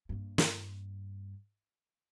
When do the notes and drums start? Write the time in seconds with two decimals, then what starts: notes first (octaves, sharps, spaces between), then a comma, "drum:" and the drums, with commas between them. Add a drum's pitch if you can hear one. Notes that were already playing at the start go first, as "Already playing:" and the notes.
0.09 G2 A#3
0.38 drum: snare